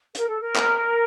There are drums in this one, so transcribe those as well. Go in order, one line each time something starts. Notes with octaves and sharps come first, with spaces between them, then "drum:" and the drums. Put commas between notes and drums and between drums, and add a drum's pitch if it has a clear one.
A#4, drum: hi-hat
A4
A#4
drum: clap